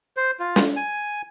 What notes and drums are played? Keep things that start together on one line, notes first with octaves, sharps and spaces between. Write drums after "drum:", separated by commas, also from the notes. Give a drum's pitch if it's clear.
C5
F4
drum: snare
G#5